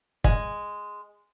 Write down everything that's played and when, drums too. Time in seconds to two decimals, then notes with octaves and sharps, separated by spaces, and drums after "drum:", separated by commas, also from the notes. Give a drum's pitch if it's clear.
0.24 G#3, drum: kick